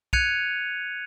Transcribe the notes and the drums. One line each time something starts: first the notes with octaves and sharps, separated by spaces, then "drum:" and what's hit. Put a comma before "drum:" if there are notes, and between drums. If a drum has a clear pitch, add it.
F#6 G#6 C#7 D#7 F7, drum: kick